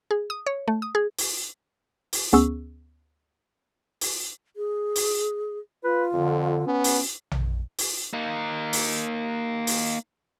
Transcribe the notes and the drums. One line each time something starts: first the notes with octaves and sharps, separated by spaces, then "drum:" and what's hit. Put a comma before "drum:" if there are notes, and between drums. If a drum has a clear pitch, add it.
G#4
D#6
C#5
A3
D#6
G#4
drum: open hi-hat
drum: open hi-hat
D2 B3 C#4 G#4 C#6 E6
drum: open hi-hat
G#4
drum: open hi-hat
F4 B4
F2 D3
B3 C#4
drum: open hi-hat
drum: tom A#1
drum: open hi-hat
A#3 D#4
drum: open hi-hat
drum: open hi-hat